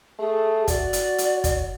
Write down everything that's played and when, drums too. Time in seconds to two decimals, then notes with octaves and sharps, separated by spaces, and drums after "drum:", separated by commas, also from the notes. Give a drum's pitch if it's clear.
0.19 A3 G#4
0.68 F#4 D5, drum: kick, hi-hat
0.93 drum: hi-hat
1.18 drum: hi-hat
1.44 drum: kick, hi-hat